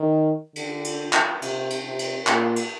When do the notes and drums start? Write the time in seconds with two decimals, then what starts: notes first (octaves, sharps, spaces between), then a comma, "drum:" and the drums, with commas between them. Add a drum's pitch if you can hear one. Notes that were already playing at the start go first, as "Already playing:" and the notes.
Already playing: D#3
0.56 D3, drum: cymbal
0.84 drum: cymbal
1.13 drum: clap
1.42 C3, drum: cymbal
1.70 drum: cymbal
1.84 C3
1.99 drum: cymbal
2.27 A#2, drum: clap
2.56 drum: cymbal